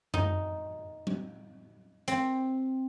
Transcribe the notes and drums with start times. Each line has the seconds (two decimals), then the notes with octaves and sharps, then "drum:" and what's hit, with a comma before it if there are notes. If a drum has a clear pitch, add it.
0.14 D#4, drum: tom F#2
1.07 drum: tom F#3
2.08 C4, drum: hi-hat